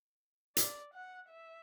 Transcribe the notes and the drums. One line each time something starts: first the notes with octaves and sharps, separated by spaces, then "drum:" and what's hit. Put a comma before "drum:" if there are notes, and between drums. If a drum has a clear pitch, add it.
D5, drum: hi-hat
F#5
E5